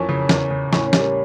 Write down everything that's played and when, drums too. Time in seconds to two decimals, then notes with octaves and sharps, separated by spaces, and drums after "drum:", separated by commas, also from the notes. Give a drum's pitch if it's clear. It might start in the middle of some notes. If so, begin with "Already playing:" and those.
Already playing: F2 E3 A#3 C#4
0.09 C#3
0.29 E2, drum: snare
0.51 C#3
0.73 A2 C#4, drum: snare
0.86 C#4
0.93 G3, drum: snare
1.00 A#3